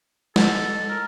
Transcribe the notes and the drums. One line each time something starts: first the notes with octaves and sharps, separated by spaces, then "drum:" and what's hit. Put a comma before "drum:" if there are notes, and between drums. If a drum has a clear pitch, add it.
A4 D#5 F#5, drum: snare
A#4